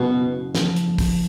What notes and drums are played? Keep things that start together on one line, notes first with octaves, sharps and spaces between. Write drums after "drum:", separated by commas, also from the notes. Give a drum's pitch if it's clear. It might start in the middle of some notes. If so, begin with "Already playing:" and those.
Already playing: F#1 B2
C#3
F3, drum: snare
drum: hi-hat
F2
drum: kick, open hi-hat